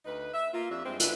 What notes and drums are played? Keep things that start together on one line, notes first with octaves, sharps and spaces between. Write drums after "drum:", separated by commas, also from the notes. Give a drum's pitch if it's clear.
D2 D#4 B4
E5
A#3 F4
F2 D4 G4 E5
G2 G#3 C4
G#2 D3 A4 B4 E5, drum: hi-hat